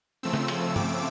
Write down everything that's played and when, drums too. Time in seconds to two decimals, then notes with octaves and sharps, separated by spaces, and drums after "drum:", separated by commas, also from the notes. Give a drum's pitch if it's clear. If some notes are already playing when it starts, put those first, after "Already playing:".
0.23 C#3 F3 A3 C4 E6
0.33 drum: snare
0.48 drum: cymbal
0.76 D6, drum: tom